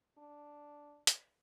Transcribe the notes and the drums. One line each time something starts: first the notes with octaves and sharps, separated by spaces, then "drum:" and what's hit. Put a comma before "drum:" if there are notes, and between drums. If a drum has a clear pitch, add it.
D4
drum: hi-hat